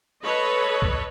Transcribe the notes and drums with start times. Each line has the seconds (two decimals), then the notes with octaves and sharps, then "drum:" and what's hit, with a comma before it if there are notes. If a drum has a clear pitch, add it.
0.23 A4 B4 C#5 D#5
0.82 drum: kick